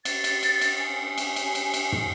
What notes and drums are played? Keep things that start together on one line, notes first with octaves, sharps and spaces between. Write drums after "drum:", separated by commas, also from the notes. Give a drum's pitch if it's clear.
A6, drum: cymbal
drum: cymbal
drum: cymbal
drum: cymbal
G#5
drum: cymbal
drum: cymbal
drum: cymbal
drum: cymbal
drum: tom